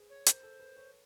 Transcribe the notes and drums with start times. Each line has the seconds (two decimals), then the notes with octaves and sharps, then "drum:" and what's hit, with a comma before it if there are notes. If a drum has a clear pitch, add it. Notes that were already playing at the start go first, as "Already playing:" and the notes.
Already playing: G#4 B4 C5
0.10 C#5
0.26 A#4 C5, drum: hi-hat
0.43 A4
0.60 B4
0.77 C#5